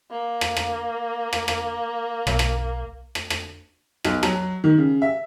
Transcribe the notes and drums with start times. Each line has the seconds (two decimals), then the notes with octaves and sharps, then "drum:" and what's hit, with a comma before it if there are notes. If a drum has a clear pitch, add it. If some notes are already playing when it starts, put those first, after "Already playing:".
0.11 A#3
0.41 drum: rim click
0.57 drum: rim click
1.33 drum: rim click
1.48 drum: rim click
2.27 B1, drum: rim click
2.39 drum: rim click
3.15 drum: rim click
3.30 drum: rim click
4.04 B1, drum: rim click
4.23 F#3, drum: rim click
4.64 D#3
4.78 C#3
5.02 E5